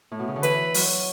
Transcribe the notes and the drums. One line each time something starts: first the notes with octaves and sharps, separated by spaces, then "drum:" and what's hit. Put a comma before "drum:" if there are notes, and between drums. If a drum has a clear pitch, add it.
A2
B2
C#3
D3
E3 B4, drum: hi-hat
F#3, drum: open hi-hat